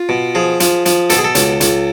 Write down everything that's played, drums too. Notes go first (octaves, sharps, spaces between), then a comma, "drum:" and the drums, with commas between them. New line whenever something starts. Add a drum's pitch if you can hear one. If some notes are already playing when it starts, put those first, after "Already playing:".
Already playing: F4
B2
F3 G#4
F3, drum: hi-hat
F3, drum: hi-hat
B2 A4, drum: hi-hat
G#4
A4
C#2, drum: hi-hat
C#2, drum: hi-hat